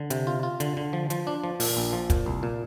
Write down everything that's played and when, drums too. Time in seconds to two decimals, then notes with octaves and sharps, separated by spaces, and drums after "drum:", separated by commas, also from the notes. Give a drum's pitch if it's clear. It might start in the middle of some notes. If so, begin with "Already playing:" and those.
Already playing: D3
0.10 C3, drum: hi-hat
0.27 F4
0.43 F4
0.60 D3, drum: hi-hat
0.77 D3
0.93 F3
1.10 F3, drum: hi-hat
1.27 D4
1.44 F3
1.60 A#2, drum: open hi-hat
1.77 A#1
1.93 F3
2.10 A#2, drum: kick, hi-hat
2.26 C2
2.43 A#2